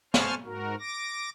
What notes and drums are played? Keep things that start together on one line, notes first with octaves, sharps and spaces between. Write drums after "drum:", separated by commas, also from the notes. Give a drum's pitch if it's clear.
C5 G#5 A5 C6 C#6 F6, drum: snare
G#2 F#4 A#4
D6 A#6